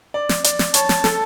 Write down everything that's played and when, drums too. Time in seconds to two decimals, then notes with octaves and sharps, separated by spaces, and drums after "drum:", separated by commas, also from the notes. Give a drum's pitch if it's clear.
0.14 D5
0.29 drum: snare
0.44 D5, drum: hi-hat
0.59 drum: snare
0.74 C#5 A5, drum: hi-hat
0.89 drum: snare
1.04 A4, drum: snare